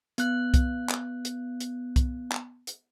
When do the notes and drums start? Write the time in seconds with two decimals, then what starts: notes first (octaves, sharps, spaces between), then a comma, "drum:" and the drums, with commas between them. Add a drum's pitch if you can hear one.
0.18 B3 F#6, drum: hi-hat
0.54 drum: kick C2, hi-hat
0.89 drum: clap
1.25 drum: hi-hat
1.60 drum: hi-hat
1.96 drum: kick C2, hi-hat
2.32 drum: clap
2.67 drum: hi-hat